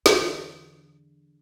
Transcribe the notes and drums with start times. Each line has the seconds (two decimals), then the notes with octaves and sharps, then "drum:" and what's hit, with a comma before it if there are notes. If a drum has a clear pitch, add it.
0.06 E2 D3, drum: snare